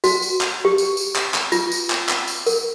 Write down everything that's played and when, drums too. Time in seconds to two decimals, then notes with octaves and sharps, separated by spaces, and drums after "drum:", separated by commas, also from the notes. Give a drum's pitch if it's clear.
0.04 F#4, drum: tambourine
0.22 drum: tambourine
0.41 drum: clap
0.65 G4
0.78 drum: tambourine
0.97 drum: tambourine
1.16 drum: clap
1.34 drum: clap
1.52 F4, drum: tambourine
1.72 drum: tambourine
1.90 drum: clap
2.09 drum: clap
2.28 drum: tambourine
2.46 A#4, drum: tambourine